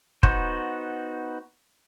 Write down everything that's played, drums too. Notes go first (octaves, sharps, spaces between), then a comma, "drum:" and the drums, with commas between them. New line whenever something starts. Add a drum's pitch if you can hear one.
B3 D#4 F#4 C5, drum: kick